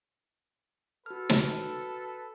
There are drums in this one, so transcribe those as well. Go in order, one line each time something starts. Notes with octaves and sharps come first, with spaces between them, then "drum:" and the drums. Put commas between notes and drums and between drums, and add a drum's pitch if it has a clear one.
F#4 A4 B4 F6
drum: snare